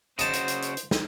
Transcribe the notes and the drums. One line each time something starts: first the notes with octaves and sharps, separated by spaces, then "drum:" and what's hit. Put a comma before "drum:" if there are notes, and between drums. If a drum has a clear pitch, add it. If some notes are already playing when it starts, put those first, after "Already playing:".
C#3 F#4 C5 D#5 A5, drum: hi-hat
drum: hi-hat
drum: hi-hat
drum: hi-hat
drum: hi-hat
drum: snare